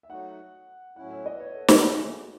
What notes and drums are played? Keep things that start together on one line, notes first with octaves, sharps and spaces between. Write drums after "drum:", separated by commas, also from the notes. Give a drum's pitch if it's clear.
E5
F#3 A3 D#4 F#4 F#5
A2 F#3 C#4 E4 F#5
E5
D#5
B4
C#5
A4
B4, drum: snare
E2 D#3 A3 C#4 A4
F#4